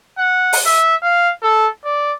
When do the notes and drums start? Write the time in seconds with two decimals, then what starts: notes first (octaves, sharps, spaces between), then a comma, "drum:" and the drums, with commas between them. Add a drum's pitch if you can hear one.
0.18 F#5
0.53 drum: open hi-hat
0.66 E5
1.02 F5
1.43 A4
1.85 D5